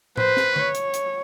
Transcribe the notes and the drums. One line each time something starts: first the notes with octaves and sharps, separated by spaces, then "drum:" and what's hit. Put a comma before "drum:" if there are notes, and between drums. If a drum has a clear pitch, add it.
B4 C5, drum: tom A2
drum: snare
C#5, drum: tom D3
drum: hi-hat
drum: hi-hat